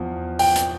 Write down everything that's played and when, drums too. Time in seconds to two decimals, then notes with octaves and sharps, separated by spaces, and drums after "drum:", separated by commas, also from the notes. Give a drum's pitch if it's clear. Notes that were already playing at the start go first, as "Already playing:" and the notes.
Already playing: E2 F3
0.39 G5, drum: open hi-hat
0.56 drum: hi-hat